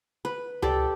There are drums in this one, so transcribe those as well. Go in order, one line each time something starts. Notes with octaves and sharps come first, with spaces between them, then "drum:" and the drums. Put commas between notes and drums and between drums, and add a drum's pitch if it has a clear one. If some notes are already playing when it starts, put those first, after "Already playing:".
B4
G4 A4 D5, drum: tom C#2